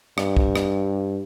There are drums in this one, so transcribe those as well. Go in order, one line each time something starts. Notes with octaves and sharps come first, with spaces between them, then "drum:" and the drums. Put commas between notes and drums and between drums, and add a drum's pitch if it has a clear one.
G2, drum: rim click
drum: kick
drum: rim click